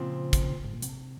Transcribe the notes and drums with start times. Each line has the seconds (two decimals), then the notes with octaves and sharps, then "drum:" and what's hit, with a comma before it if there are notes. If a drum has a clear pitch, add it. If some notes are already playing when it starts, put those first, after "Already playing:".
Already playing: A#2 C#3 F3 C4
0.33 drum: kick, hi-hat
0.65 G#2
0.73 A#2
0.82 C3, drum: hi-hat